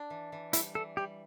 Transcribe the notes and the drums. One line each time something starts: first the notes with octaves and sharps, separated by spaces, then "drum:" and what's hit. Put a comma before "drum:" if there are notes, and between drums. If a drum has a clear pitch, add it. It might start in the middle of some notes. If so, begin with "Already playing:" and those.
Already playing: D4
E3
E3
G3 E4, drum: hi-hat
E3 A4
G3 G4